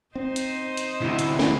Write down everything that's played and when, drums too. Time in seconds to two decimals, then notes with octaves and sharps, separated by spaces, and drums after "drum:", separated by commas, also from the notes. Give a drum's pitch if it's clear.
0.15 C4 D#4 C5 D#5
0.36 drum: hi-hat
0.77 drum: hi-hat
1.01 D2 C3 E4
1.19 drum: hi-hat
1.39 drum: snare